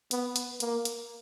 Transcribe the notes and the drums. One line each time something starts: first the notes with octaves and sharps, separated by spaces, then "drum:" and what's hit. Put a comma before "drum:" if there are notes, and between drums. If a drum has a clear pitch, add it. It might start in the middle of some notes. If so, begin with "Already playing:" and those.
B3, drum: hi-hat
drum: hi-hat
A#3, drum: hi-hat
drum: hi-hat